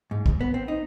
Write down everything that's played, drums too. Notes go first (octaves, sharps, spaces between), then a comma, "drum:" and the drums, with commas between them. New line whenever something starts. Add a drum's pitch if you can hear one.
G#2
drum: kick
B3
C4
D#4